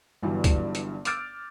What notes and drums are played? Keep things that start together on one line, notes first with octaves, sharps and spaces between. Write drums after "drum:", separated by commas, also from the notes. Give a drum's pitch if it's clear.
G1 G2 E3 F#3 G3
drum: kick, hi-hat
drum: hi-hat
D6 E6 F6 G6 A6 D7, drum: hi-hat